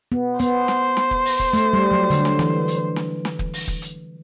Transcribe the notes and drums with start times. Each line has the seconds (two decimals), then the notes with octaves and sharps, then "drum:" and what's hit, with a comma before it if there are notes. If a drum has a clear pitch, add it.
0.12 B3
0.39 B3 C5, drum: hi-hat
0.68 drum: snare
0.97 drum: snare
1.11 drum: kick
1.25 drum: open hi-hat
1.39 drum: kick
1.53 A3, drum: hi-hat
1.73 G3
1.92 F#3
2.10 D3, drum: hi-hat
2.25 drum: snare
2.39 E3, drum: snare
2.68 drum: hi-hat
2.96 drum: snare
3.25 drum: snare
3.39 drum: kick
3.53 drum: open hi-hat
3.68 drum: kick
3.82 drum: hi-hat